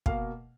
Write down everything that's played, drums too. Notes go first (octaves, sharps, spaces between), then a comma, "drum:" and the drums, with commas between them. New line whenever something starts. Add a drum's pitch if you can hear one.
B2 A#3 F5, drum: kick